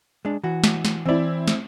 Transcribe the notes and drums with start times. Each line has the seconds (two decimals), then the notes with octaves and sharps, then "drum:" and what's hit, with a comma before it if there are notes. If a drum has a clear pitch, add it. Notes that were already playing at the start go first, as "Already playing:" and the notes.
0.25 G#3 D4
0.43 E3 F#4
0.64 drum: snare
0.85 drum: snare
1.06 E3 C4 E4 D5
1.48 drum: snare